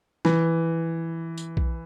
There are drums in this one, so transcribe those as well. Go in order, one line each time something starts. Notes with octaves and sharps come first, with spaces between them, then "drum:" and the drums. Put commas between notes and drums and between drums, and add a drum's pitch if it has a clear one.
E3, drum: snare
drum: tambourine
drum: kick B1